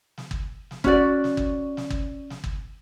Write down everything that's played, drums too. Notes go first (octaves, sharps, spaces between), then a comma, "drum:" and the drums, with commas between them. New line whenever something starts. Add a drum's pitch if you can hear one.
drum: snare
drum: kick G1
drum: snare
C#4 F#4 D5, drum: kick G1
drum: snare
drum: kick G1
drum: snare
drum: kick G1
drum: snare
drum: kick G1